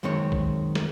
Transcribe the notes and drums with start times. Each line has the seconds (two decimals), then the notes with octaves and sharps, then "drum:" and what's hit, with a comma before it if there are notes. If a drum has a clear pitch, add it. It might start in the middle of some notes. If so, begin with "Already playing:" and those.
0.03 F#2 D#3 G#3 C4 C#5
0.32 drum: kick A1
0.75 drum: snare